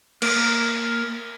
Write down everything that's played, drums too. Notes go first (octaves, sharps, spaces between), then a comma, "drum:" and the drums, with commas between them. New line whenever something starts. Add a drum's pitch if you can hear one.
A#3, drum: cymbal